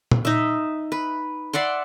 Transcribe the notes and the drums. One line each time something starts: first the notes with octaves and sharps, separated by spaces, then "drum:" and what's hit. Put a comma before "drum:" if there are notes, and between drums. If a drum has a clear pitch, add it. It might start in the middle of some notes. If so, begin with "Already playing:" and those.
drum: tom A#2
D#4 E5
B4
D5 E5 F#5 C6